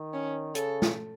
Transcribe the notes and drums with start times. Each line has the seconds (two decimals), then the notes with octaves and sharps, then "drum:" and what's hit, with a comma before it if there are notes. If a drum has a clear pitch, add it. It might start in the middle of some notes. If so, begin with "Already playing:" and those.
Already playing: D#3
0.14 C#4
0.55 C#3 A4, drum: hi-hat
0.82 drum: snare